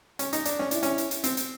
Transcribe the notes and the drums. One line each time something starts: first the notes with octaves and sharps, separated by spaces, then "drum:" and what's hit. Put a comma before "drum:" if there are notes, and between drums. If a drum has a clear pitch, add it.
C#4, drum: hi-hat
D#4, drum: hi-hat
D4, drum: hi-hat
C#4, drum: snare
D4 E4, drum: hi-hat
C#4, drum: hi-hat
drum: hi-hat
drum: hi-hat
C4, drum: hi-hat
drum: hi-hat